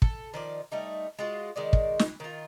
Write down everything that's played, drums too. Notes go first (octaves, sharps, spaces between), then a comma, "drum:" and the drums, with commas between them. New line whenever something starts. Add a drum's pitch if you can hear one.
A4, drum: kick
D#3 F3 D5
G3 A3 D#4
G#3 F4 F#4
D#3 G#3 D5
drum: kick
drum: snare
D#3 F4